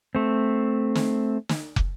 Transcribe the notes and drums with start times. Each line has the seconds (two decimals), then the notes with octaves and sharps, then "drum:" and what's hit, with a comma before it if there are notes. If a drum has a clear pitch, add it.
0.15 A3 C4
0.95 drum: snare
1.49 drum: snare
1.76 drum: kick